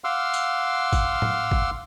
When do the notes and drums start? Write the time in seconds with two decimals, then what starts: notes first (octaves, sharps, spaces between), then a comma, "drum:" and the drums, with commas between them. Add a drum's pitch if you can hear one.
0.04 F5 F#5 C6 D6 E6 F6
0.34 drum: tambourine
0.93 drum: kick G#1, tambourine
1.22 drum: tom A2
1.51 drum: kick G#1